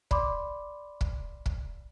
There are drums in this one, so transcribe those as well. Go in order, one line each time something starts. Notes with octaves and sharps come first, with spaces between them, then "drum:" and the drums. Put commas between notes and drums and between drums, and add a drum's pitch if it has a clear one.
D5 B5 C6 D6, drum: kick
drum: kick
drum: kick